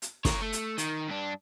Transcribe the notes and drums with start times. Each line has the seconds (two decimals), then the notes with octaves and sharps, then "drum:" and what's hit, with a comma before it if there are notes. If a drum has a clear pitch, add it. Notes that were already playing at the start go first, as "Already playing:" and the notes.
0.02 drum: hi-hat
0.25 A#4 C#5, drum: snare
0.42 A3
0.53 drum: hi-hat
0.78 D#3, drum: hi-hat
1.08 G2 D4